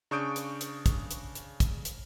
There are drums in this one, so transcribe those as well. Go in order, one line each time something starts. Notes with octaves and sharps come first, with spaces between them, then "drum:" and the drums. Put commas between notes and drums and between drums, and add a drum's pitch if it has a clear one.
C#3 D4 C#6 D#6 G6 D7
drum: hi-hat
drum: hi-hat
drum: kick, hi-hat
drum: hi-hat
drum: hi-hat
drum: kick, hi-hat
drum: hi-hat